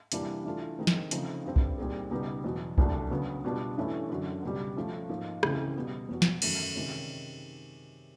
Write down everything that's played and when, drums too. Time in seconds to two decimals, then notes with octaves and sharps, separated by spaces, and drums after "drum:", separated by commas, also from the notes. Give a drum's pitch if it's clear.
0.12 C3 E3 G3 A#3 D4, drum: hi-hat
0.45 E3 A3 D4 F4 A4
0.78 D#3 G#3 C4 D#4
0.87 drum: snare
1.11 C#3 F3 A3 C4 D#4, drum: hi-hat
1.45 G2 D3 G3 C4
1.56 drum: kick C2
1.78 A#2 G3 C4 D#4 G#4
2.11 C#2 B2 G3 B3 D#4
2.44 E2 B2 F#3
2.78 C2 A#2 F#3 A3 D4, drum: kick C2
3.10 D2 C#3 F#3 B3
3.44 B2 G3 B3 D4 F4
3.77 G2 E3 A3 C#4 E4
4.10 F#2 D3 F#3
4.42 C#2 B2 G3
4.76 F3 A3 C#4
5.09 G#2 F3 A#3 D#4
5.43 C#2 C#3 E3 A3 C4, drum: rim click
5.76 B2 G3 B3
6.09 E2 B2 F#3
6.22 drum: snare
6.42 F#2 D#3 F#3 A3, drum: cymbal
6.75 C3 D#3 G#3 C#4